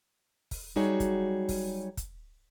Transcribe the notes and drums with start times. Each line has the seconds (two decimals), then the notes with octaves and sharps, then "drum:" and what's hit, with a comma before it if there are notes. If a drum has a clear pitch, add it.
0.51 drum: kick, open hi-hat
0.76 F#3 G3 D#4 F#4 G#4 C#5
1.00 drum: kick, hi-hat
1.49 drum: kick, open hi-hat
1.97 drum: kick, hi-hat